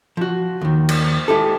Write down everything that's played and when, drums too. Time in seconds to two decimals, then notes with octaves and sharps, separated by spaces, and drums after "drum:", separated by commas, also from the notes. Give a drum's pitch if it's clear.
0.17 F3 F#4
0.61 D#2 D#3
0.89 drum: cymbal
1.28 G#3 E4 G4 A4